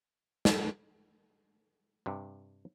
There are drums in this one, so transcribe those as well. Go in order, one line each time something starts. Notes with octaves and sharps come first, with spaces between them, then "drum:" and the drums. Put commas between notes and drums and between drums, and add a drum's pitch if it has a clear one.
drum: snare
G2 C3